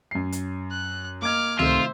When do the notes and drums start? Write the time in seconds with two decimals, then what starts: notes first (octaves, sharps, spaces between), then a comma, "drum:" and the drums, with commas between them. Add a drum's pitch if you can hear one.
0.11 F#2 C7
0.32 drum: hi-hat
0.71 F#6
1.22 A#3 D#5 D6 F6 G#6
1.59 C3 D#3 A3 F4 C5 E5, drum: tom C#2